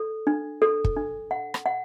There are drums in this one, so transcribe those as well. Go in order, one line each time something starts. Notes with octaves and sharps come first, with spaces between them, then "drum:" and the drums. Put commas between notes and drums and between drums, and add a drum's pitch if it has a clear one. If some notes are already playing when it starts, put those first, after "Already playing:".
Already playing: A4
D4
A4
drum: kick
D4
F#5
drum: rim click
F#5